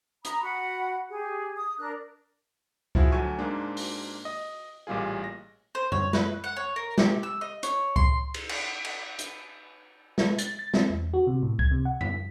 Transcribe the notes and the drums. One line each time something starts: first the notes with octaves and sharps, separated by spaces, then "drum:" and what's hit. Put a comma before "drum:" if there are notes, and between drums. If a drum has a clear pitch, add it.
A#5 B5 D#6, drum: hi-hat
F#4 F#5 B5
G4 G#4
D#6
D4 A#4 F#6
F3 E4 F#4 G#4, drum: kick C#2
D2 F#3 A3 G#5 C#6
G#2 G#3 A#3 D4
drum: open hi-hat
D#5
A1 A#2 G3 F4 G#4
A#6
C5
C#5, drum: tom F#2
B4, drum: snare
F#5
C#5
A#4
G4, drum: snare
E6
D#5
C#5, drum: hi-hat
C6, drum: kick C#2
drum: cymbal
drum: cymbal
drum: cymbal
drum: hi-hat
G#3, drum: snare
A6, drum: hi-hat
A6
C4, drum: snare
E2
F#4
C3
A2
G#6, drum: kick C#2
C3
F#5
B6, drum: tom F#2